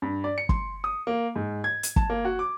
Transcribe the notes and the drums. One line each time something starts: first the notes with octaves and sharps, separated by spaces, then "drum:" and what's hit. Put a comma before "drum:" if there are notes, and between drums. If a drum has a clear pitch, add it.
G2
D5
C#7
C6, drum: kick
D#6
A#3
G#2
G#6
drum: hi-hat
A5, drum: kick
A#3
F#4
D6